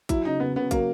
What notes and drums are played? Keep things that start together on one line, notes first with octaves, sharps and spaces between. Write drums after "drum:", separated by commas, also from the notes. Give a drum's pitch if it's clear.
F#3 E4, drum: kick, hi-hat
C#3 D#4
C#3 B3
C#3 B3
F#3 A#3, drum: kick, hi-hat